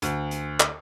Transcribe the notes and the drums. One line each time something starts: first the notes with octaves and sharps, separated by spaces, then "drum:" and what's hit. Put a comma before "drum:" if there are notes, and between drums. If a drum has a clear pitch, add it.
D2, drum: hi-hat
drum: hi-hat
drum: clap